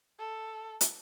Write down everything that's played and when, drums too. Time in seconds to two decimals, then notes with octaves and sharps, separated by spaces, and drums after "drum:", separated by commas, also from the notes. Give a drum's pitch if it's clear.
0.19 A4
0.81 drum: hi-hat